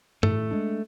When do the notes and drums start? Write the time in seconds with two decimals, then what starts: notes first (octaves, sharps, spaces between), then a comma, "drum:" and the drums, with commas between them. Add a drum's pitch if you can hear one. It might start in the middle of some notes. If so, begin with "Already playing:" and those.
0.23 A2 A3, drum: tom
0.51 G#3 D4